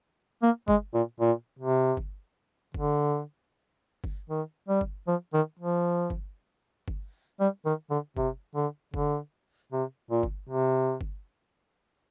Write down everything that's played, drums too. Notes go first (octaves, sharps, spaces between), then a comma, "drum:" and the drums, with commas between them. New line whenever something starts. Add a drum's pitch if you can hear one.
A#3
G#3, drum: kick G1
A#2
A#2
C3
drum: kick G1
D3, drum: kick G1
drum: kick G1
D#3
G3
drum: kick G1
F3
D#3
F3
drum: kick G1
drum: kick G1
G3
D#3
D3
C3, drum: kick G1
D3
D3, drum: kick G1
C3
A#2
drum: kick G1
C3
drum: kick G1